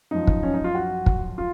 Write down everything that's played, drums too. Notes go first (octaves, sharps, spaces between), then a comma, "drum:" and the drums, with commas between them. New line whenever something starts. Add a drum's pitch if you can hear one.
F#2 F3 D#4
drum: kick
C#4
D#4
F4
F#4
drum: kick
F4